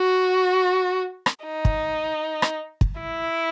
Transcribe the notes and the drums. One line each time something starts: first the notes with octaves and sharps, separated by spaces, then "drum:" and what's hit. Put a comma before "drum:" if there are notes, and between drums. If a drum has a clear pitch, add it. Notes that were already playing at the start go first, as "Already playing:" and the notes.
Already playing: F#4
drum: rim click
D#4
drum: kick
drum: rim click
drum: kick
E4